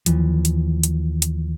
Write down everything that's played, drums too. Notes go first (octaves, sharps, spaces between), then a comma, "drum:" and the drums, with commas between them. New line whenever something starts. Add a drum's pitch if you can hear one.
D#2 E3 F3, drum: hi-hat
drum: hi-hat
drum: hi-hat
drum: hi-hat